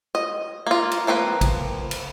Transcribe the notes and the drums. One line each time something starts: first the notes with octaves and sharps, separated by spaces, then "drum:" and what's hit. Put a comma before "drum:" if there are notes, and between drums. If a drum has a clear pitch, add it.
D#5
A#3 F4
drum: cymbal
F3 A#3 C4 B4
drum: kick A1, cymbal
drum: cymbal